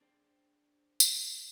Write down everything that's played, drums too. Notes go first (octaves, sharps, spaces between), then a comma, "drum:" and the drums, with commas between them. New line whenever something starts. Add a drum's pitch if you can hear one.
D4 G#4 C5 D5 G5
drum: tambourine